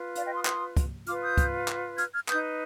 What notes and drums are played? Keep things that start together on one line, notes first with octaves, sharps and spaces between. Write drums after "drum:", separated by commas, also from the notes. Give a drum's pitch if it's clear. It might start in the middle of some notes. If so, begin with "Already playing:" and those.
Already playing: F4 B4
D5 F5, drum: hi-hat
D#5 G5
C6 D#6
C6 D#6, drum: clap
drum: kick, hi-hat
F4 B4 D6 F6, drum: hi-hat
D#6 G6
drum: kick, hi-hat
drum: clap
F6 G#6, drum: hi-hat
F6 G#6
D#4 B4 D#6 G6, drum: clap